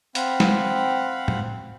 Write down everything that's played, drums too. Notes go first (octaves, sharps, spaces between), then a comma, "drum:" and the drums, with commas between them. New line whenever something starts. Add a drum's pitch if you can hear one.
C4 F5 F#5 B5, drum: hi-hat
drum: snare
drum: tom